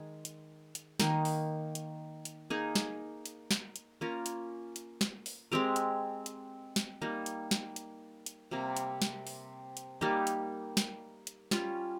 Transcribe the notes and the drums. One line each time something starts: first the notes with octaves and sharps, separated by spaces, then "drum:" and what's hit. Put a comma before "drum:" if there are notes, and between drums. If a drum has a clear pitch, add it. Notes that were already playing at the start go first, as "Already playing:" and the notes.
Already playing: D#3 G#3 G#4
drum: hi-hat
drum: hi-hat
D#3 A#3 D#4, drum: snare
drum: open hi-hat
drum: hi-hat
drum: hi-hat
A#3 D#4 G#4
drum: snare
drum: hi-hat
drum: snare
drum: hi-hat
A#3 C#4 F4 A#4
drum: hi-hat
drum: hi-hat
drum: snare
drum: open hi-hat
G#3 C4 G4 A#4
drum: hi-hat
drum: hi-hat
drum: snare
G3 A#3 D#4
drum: hi-hat
drum: snare
drum: hi-hat
drum: hi-hat
C3 G3 A#3
drum: hi-hat
drum: snare
drum: open hi-hat
drum: hi-hat
G3 A#3 D#4 G4
drum: hi-hat
drum: snare
drum: hi-hat
G3 C#4 F4, drum: snare